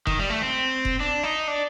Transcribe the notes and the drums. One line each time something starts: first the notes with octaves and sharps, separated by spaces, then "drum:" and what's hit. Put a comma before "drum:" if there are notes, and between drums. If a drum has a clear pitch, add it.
D#3, drum: kick F1
G3
A3
C4
drum: kick F1
D4
D#4
D4